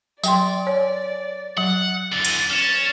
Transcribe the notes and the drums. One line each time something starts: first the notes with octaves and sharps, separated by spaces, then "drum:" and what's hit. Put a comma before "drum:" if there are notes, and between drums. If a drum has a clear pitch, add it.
F#3 D5 G5 C6, drum: tambourine
C#5
F#3 F#5
E2 D3 A6
drum: cymbal
C#4 A6 E7